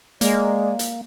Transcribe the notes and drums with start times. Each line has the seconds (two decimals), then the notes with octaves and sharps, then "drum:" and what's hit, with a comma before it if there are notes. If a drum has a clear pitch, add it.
0.21 G#3 A#3 D5, drum: hi-hat
0.79 drum: hi-hat